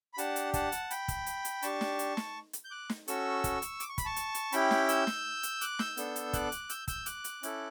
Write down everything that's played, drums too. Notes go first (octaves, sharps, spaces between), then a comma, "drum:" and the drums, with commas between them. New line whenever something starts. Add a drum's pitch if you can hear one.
B5
D4 G4 F#5 A5, drum: hi-hat
drum: hi-hat
F#5 A5, drum: kick, hi-hat
drum: hi-hat
G5 B5, drum: hi-hat
drum: kick, hi-hat
drum: hi-hat
drum: hi-hat
D4 G4 A5 C#6, drum: hi-hat
drum: snare
drum: hi-hat
drum: snare
drum: hi-hat
G6
D6 F#6
drum: snare
C#4 F#4 A4 C#6 E6, drum: hi-hat
drum: kick, hi-hat
drum: hi-hat
D6, drum: hi-hat
C#6
B5, drum: kick, hi-hat
A5 C#6
drum: hi-hat
drum: hi-hat
C#4 E4 G4 G5 B5, drum: hi-hat
drum: snare
E6 G6, drum: hi-hat
drum: snare
drum: hi-hat
D6 F#6, drum: hi-hat
E6 G6, drum: snare
B3 D4 A4, drum: hi-hat
drum: hi-hat
D6 F#6, drum: kick, hi-hat
drum: hi-hat
E6 G6, drum: hi-hat
E6 G6, drum: kick, hi-hat
D6 F#6, drum: hi-hat
drum: hi-hat
C#4 E4 A4, drum: hi-hat